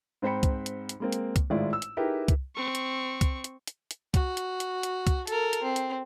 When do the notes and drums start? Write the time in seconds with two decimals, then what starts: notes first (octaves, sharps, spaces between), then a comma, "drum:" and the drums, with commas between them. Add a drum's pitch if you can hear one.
0.22 G#2 C4 C5 G5 B5 C#7
0.43 drum: kick C2, hi-hat
0.66 drum: hi-hat
0.89 drum: hi-hat
1.00 G#3 A#3 C4
1.13 drum: hi-hat
1.36 drum: kick C2, hi-hat
1.50 G#1 A2 G#3 E4 F4 D5
1.73 E6
1.82 drum: hi-hat
1.97 D#4 E4 G4 G#4 A#4 B4
2.28 drum: kick C2, hi-hat
2.56 C4 C#6
2.75 drum: hi-hat
3.21 drum: kick C2, hi-hat
3.44 drum: hi-hat
3.67 drum: hi-hat
3.91 drum: hi-hat
4.14 F#4, drum: kick C2, hi-hat
4.37 drum: hi-hat
4.60 drum: hi-hat
4.83 drum: hi-hat
5.07 drum: kick C2, hi-hat
5.27 A4 A#4, drum: hi-hat
5.53 drum: hi-hat
5.62 C4
5.76 drum: hi-hat